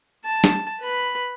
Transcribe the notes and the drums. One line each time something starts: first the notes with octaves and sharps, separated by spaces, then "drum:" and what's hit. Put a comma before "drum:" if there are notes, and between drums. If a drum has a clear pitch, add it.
A5
drum: snare
B4 B5